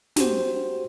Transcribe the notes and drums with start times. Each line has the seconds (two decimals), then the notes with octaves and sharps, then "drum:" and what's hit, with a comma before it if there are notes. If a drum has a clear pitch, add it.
0.16 F#4 G4 C5, drum: snare